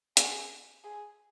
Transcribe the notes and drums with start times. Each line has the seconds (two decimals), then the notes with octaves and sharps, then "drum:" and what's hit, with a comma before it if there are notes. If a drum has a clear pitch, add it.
0.17 G#4, drum: hi-hat
0.84 G#4